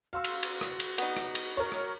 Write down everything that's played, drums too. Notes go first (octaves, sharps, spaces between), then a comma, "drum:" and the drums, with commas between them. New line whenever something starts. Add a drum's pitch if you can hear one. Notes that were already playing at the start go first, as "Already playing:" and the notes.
F#4 F5 C6 E6
drum: cymbal
drum: cymbal
drum: rim click
drum: cymbal
B3 D#4, drum: cymbal
drum: rim click
drum: cymbal
A#4 C#5
drum: rim click